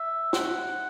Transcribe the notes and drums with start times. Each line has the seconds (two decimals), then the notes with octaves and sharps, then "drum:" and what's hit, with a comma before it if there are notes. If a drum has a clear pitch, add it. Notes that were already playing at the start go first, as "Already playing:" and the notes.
Already playing: E5
0.33 F#5, drum: snare